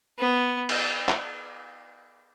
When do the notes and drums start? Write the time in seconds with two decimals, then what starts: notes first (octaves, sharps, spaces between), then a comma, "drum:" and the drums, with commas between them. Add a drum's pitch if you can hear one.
0.19 B3
0.69 drum: cymbal
1.09 drum: clap